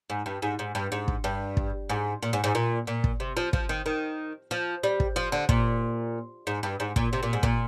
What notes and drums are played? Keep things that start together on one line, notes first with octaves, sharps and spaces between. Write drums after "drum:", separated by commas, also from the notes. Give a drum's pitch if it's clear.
G#2
G2
G#2
G#2
G2
G#2
drum: kick
G2
drum: kick
G#2
A#2
G#2
G#2
A#2
A#2
drum: kick
C3
F3
F3, drum: kick
D#3
D#3
F3
G3
drum: kick
F3
D3
A#2, drum: kick
G#2
G2
G#2
A#2, drum: kick
C3
A#2
G#2
A#2, drum: kick